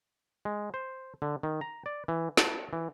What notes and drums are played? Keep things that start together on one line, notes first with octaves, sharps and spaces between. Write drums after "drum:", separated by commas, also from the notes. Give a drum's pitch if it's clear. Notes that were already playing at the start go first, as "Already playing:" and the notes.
G#3
C5
D3
D#3
A#5
D5
E3
A5, drum: snare
E3